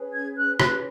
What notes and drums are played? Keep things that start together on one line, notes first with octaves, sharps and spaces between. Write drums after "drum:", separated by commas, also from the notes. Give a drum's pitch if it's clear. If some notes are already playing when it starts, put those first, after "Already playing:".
Already playing: C#4 G#4 B4
G#6
F#6
C#4 G#4 B4 F#6, drum: rim click